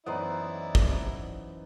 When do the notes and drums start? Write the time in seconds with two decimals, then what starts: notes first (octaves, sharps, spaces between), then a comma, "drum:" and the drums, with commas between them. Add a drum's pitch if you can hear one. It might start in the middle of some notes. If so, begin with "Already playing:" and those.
0.06 F#2 E3 B3 D#4 E4 C5 D5
0.75 drum: kick